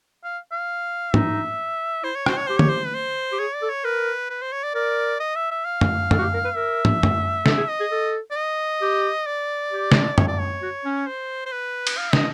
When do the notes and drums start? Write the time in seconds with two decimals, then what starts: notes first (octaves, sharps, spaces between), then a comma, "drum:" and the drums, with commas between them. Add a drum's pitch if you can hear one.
0.24 F5
0.52 F5
1.14 D#4 E5, drum: tom
2.04 E4 C5
2.15 C#5
2.26 F#4 C5, drum: rim click
2.37 C#5
2.47 G4 C5
2.59 C#5, drum: tom
2.69 C5
2.86 B4
2.94 C5
3.32 G4
3.39 G#4 C#5
3.55 D5
3.62 A4
3.70 C#5
3.84 A#4 B4
4.30 B4
4.42 C5
4.53 C#5
4.63 D5
4.75 A#4 D5
5.20 D#5
5.36 E5
5.51 E5
5.65 F5
5.81 drum: tom
6.11 A4, drum: tom
6.18 F#4
6.22 G4
6.34 A#4
6.45 B4
6.55 A#4 E5
6.85 drum: tom
7.03 drum: tom
7.46 A4 E5, drum: snare
7.57 G#4
7.68 D#5
7.80 G#4
7.91 A4
8.31 D5
8.37 D#5
8.82 G4
9.26 D5
9.72 G4
9.92 drum: snare
10.18 C#5, drum: tom
10.28 D5
10.39 C#5
10.62 F#4
10.85 C#4
11.07 C5
11.46 C5
11.52 B4
11.87 drum: cymbal
11.97 F5
12.13 D#5, drum: snare